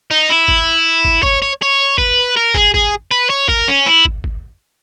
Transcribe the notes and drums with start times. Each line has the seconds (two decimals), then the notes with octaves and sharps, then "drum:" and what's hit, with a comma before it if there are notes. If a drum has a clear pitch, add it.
0.11 D#4
0.30 E4
0.48 drum: kick
1.05 drum: kick
1.23 C#5, drum: kick
1.42 C#5
1.62 C#5
1.98 B4, drum: kick
2.36 A#4
2.54 G#4, drum: kick
2.74 G#4, drum: kick
3.11 B4
3.29 C#5
3.49 A#4, drum: kick
3.68 C#4
3.86 E4
4.05 drum: kick
4.24 drum: kick